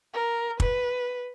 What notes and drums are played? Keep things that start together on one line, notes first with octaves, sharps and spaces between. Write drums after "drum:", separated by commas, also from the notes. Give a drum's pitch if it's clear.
A#4
B4, drum: kick